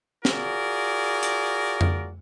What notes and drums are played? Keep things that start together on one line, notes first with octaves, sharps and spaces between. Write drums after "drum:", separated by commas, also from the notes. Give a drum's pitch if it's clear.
F4 F#4 G#4 A#4 D5, drum: snare
drum: hi-hat
drum: tom F2